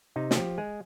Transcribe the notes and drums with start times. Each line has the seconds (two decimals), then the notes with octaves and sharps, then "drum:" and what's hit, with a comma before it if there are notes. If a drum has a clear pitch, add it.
0.16 C3 D#4
0.31 G#4, drum: snare
0.36 F3 G4
0.58 G#3 G#4